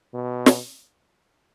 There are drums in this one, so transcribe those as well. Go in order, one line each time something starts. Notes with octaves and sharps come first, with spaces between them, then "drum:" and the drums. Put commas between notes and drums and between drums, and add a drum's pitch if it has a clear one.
B2
drum: snare